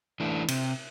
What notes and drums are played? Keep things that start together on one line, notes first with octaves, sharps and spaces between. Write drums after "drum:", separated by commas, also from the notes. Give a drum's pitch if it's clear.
E3 A3 D4
C3, drum: cymbal